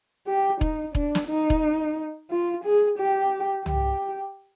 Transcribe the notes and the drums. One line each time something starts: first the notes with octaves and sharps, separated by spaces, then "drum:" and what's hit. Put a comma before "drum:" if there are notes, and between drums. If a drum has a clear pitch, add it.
G4
D#4, drum: kick E1
D4, drum: kick E1
drum: snare
D#4
drum: kick E1
F4
G#4
G4
G4, drum: tom